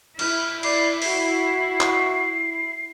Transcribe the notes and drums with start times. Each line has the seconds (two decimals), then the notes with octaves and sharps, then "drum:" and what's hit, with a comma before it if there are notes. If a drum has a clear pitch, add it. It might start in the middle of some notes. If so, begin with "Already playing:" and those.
0.19 E4 F6, drum: cymbal
0.63 D5 C7, drum: cymbal
1.02 F#4 C7, drum: open hi-hat
1.81 drum: clap